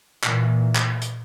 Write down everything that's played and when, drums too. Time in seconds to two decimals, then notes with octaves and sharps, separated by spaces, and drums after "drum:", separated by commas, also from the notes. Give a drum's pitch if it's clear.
0.24 A#2 E3, drum: clap
0.76 drum: clap
1.01 drum: hi-hat